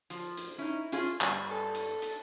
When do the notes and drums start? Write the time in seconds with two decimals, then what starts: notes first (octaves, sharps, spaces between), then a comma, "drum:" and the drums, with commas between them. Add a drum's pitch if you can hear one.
0.10 F3, drum: hi-hat
0.37 drum: hi-hat
0.58 C#4 D#4 E4
0.92 C#4 F4 G#4, drum: hi-hat
1.21 G2 G3 G#5, drum: clap
1.51 A4
1.75 drum: hi-hat
2.02 drum: hi-hat